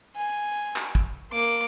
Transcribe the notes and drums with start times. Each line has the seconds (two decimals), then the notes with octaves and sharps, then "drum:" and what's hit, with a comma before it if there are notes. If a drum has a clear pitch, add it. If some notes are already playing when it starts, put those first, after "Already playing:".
0.16 G#5
0.76 drum: clap
0.95 drum: kick
1.33 A#3 D6